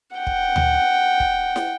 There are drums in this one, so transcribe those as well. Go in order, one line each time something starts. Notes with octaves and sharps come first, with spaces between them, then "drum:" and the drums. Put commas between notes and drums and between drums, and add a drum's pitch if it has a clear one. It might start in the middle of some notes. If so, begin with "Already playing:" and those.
F#5 G5
drum: kick
drum: tom D2
drum: kick
drum: snare